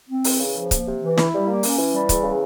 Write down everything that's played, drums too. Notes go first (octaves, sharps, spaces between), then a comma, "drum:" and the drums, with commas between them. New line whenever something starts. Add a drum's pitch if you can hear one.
C4
E2, drum: open hi-hat
C#3
F3
A#3, drum: kick C#1, hi-hat
C3
E3
E4, drum: snare
G3
A#3
C#4, drum: open hi-hat
E3
G3
E2, drum: kick C#1, hi-hat
C#3